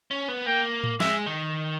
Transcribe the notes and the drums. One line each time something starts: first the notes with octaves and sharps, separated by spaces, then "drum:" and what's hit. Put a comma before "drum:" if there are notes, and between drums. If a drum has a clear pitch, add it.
C#4
B3
A#3 G5
drum: tom A2
G#3 E5, drum: snare
D#3